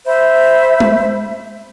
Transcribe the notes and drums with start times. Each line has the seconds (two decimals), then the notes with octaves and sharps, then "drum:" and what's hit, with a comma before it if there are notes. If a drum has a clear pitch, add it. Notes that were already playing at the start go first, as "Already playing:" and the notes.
0.06 C5 E5 B5
0.80 drum: tom G#3